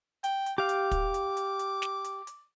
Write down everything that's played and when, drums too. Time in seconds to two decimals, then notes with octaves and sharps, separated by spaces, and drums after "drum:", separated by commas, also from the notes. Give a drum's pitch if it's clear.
0.24 G5, drum: hi-hat
0.46 drum: hi-hat
0.58 G4 F5 D6
0.69 drum: hi-hat
0.91 drum: kick, hi-hat
1.14 drum: hi-hat
1.37 drum: hi-hat
1.59 drum: hi-hat
1.82 drum: snare
2.04 drum: hi-hat
2.27 drum: hi-hat